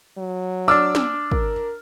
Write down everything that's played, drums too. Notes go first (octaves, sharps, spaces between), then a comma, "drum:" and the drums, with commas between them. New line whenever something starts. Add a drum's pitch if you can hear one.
F#3
D4 D5 D6 E6 F6
drum: snare
A#4, drum: kick